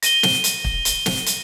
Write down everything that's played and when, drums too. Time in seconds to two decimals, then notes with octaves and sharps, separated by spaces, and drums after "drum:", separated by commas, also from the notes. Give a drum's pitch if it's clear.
0.02 A#6 D#7 G7, drum: hi-hat
0.23 drum: snare
0.44 drum: hi-hat
0.64 drum: kick
0.85 drum: hi-hat
1.06 drum: snare
1.26 drum: hi-hat